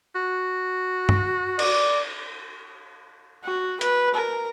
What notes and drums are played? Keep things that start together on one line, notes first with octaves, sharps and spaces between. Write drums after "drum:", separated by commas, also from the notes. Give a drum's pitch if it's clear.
F#4
drum: tom G2
D5, drum: cymbal
F#4
B4, drum: hi-hat
A#4